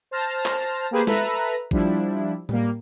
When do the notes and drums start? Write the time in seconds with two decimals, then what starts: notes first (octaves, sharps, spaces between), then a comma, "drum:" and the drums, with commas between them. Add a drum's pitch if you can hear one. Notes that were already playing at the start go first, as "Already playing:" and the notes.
0.11 C5 A5 F6 A#6
0.46 drum: clap
0.91 A#3 G4 G#4 B4 C5
1.07 A4 B4 E5 A#5, drum: snare
1.71 F3 G3 D4 E4, drum: kick
2.49 G3 A#3, drum: tom A2